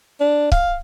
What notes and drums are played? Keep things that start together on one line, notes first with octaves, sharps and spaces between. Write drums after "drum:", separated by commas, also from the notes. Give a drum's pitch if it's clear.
D4
F5, drum: kick C#1